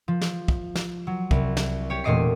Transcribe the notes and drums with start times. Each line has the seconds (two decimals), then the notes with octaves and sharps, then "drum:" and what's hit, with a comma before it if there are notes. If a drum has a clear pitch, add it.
0.08 F3
0.21 drum: snare
0.48 drum: kick
0.75 drum: snare
1.07 F#3
1.31 C2, drum: kick
1.57 drum: snare
1.90 G4 C#5
2.04 E1 A#2 A3 D#5 D6 C7